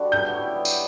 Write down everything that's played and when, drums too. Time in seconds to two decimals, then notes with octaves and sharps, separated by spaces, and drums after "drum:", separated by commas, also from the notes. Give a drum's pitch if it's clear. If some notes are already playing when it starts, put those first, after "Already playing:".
Already playing: D3 G3 F#4
0.12 B3 G6
0.33 E4 G4 C#5
0.56 B3
0.65 drum: tambourine